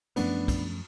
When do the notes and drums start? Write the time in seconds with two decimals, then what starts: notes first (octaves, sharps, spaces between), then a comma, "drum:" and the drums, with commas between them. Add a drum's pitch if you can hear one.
0.16 F#2 F3 A3 B3 C#4 D4, drum: cymbal
0.48 drum: kick, cymbal